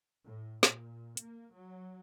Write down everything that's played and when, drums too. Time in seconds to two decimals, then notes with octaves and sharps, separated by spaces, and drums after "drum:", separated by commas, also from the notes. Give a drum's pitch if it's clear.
0.24 A2
0.63 A#2, drum: snare
1.17 A#3, drum: hi-hat
1.53 F#3